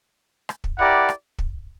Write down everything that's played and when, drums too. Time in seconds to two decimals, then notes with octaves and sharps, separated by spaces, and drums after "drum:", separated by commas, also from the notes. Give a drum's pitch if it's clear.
0.49 drum: rim click
0.64 drum: kick
0.79 E4 G4 A#4 D5 F#5
1.09 drum: rim click
1.39 drum: kick